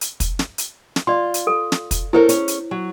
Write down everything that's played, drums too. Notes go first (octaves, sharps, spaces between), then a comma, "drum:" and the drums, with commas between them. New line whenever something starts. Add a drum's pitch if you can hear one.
drum: hi-hat
drum: kick, hi-hat
drum: snare
drum: hi-hat
drum: snare
F4 D5 C6
drum: hi-hat
A4
drum: snare
drum: kick, hi-hat
C#4 E4 A4 A#4 C5 C#5
C#4 G#4, drum: hi-hat
drum: hi-hat
F#3